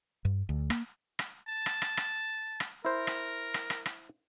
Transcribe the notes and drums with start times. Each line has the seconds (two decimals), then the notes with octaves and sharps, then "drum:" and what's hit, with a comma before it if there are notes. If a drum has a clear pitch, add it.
0.25 G2
0.49 D2
0.70 A#3, drum: rim click
1.19 drum: rim click
1.48 A5
1.66 drum: rim click
1.82 drum: rim click
1.97 drum: rim click
2.60 drum: rim click
2.85 E4 A#4 C5
3.07 drum: rim click
3.54 drum: rim click
3.70 drum: rim click
3.86 drum: rim click